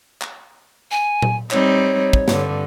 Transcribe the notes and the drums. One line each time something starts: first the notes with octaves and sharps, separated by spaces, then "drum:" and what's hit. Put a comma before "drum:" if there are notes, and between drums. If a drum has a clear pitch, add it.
drum: clap
G#5
drum: tom A#2
G3 C4 D#4 C#5, drum: clap
drum: kick
G2 D3, drum: snare